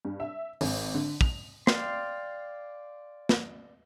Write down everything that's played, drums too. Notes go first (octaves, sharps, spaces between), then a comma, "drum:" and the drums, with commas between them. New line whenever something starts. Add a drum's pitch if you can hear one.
G2
E5
G#1, drum: open hi-hat
D3
F7, drum: kick
D5 F5 G5 C6, drum: snare
drum: snare